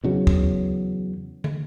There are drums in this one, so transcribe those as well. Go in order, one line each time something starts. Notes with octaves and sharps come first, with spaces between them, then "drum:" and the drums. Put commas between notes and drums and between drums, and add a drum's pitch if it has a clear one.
E2 C#3 F#3
drum: kick
drum: tom